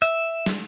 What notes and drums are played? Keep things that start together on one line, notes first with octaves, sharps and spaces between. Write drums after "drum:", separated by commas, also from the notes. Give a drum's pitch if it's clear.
E5, drum: tambourine
drum: snare